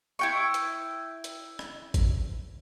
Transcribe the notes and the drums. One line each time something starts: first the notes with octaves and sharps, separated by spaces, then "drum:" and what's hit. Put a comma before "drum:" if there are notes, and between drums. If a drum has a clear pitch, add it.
E4 G5 C#6
drum: hi-hat
drum: hi-hat
drum: rim click
drum: kick G#1, hi-hat